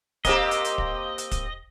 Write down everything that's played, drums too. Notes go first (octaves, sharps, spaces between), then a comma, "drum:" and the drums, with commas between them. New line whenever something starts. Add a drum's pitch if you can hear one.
A#3 C4 G4 D#5, drum: kick, hi-hat
drum: hi-hat
drum: hi-hat
drum: kick
drum: hi-hat
drum: kick, hi-hat